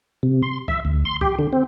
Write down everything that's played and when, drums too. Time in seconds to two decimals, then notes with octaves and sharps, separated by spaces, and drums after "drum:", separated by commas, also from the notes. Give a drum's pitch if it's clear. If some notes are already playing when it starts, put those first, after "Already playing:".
0.23 C3
0.42 C6
0.68 E5, drum: kick C2
0.85 D2
1.05 C6
1.21 G4, drum: kick C2
1.39 D3
1.53 C4